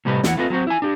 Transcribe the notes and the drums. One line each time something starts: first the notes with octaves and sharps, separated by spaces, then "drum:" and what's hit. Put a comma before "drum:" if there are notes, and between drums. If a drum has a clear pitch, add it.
A2 C3 G3 G4 B4 D#5
E2 E3 F#5, drum: snare
A3 C4 F4 B4 D#5
F#3 C4 F#4 C5
E4 G#5
D4 G4